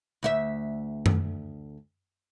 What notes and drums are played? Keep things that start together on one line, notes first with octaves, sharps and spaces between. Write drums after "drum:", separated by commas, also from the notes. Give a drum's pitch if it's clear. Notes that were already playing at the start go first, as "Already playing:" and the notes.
D2 E4 E5
drum: tom F#2